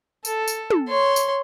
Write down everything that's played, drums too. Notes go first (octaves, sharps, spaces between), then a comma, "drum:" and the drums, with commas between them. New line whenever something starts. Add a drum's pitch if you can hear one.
A4, drum: tambourine
drum: tambourine
drum: tom
C#5 C6
drum: tambourine